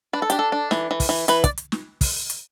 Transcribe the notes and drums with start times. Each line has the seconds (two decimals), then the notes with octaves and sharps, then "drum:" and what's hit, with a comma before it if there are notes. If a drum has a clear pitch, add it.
0.13 D4 B4
0.22 A4
0.30 D4 G4, drum: hi-hat
0.39 A4
0.52 D4
0.71 E3, drum: snare
0.91 E3
1.00 drum: kick, open hi-hat
1.09 E3
1.28 E3 B4, drum: hi-hat
1.44 D5, drum: kick, hi-hat
1.58 drum: hi-hat
1.72 drum: snare
2.01 drum: kick, open hi-hat
2.30 drum: hi-hat